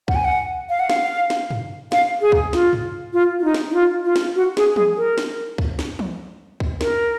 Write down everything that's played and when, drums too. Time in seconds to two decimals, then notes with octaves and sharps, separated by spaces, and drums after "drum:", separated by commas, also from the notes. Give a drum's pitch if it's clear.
0.08 F#5, drum: kick
0.15 G#5
0.25 F#5
0.69 F5
0.80 F#5
0.90 F5, drum: snare
1.30 drum: snare
1.51 drum: tom G2
1.92 F5, drum: snare
2.21 G#4
2.32 drum: kick
2.53 F4, drum: snare
2.73 drum: tom G2
3.13 F4
3.39 F4
3.44 D#4
3.54 drum: snare
3.71 D#4
3.74 F4
4.05 F4
4.16 drum: snare
4.36 F#4
4.57 G#4, drum: snare
4.76 G#4, drum: tom
4.97 A#4
5.18 drum: snare
5.58 drum: kick
5.79 drum: snare
5.99 drum: tom E3
6.60 drum: kick
6.81 A#4, drum: snare